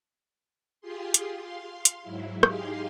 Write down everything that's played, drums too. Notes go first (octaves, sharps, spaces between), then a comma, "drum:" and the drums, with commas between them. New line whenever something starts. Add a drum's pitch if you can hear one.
F4 G4 G#4 C6
drum: hi-hat
F5 C6
drum: hi-hat
G#2 F#3 E4
D#4 G4 G#4 F5 C6, drum: rim click